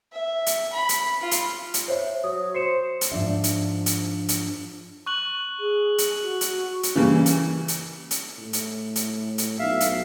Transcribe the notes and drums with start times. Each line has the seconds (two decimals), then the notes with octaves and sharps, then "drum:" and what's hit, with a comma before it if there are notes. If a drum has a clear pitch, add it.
0.12 E5
0.46 drum: hi-hat
0.73 B5
0.89 drum: hi-hat
1.21 F4
1.31 drum: hi-hat
1.74 drum: hi-hat
1.88 C5 C#5 E5
2.24 F#3 D#6
2.55 C5 C7 C#7 E7
3.01 drum: hi-hat
3.12 G#2 F3 D4 E5
3.44 drum: hi-hat
3.86 drum: hi-hat
4.29 drum: hi-hat
5.06 C#6 F#6 F#7
5.60 G#4
5.98 drum: hi-hat
6.23 F#4
6.41 drum: hi-hat
6.83 drum: hi-hat
6.95 C#3 E3 G3 A#3
7.26 drum: hi-hat
7.68 drum: hi-hat
8.11 drum: hi-hat
8.39 A2
8.53 drum: hi-hat
8.96 drum: hi-hat
9.38 drum: hi-hat
9.59 B1 E5 F5
9.80 drum: hi-hat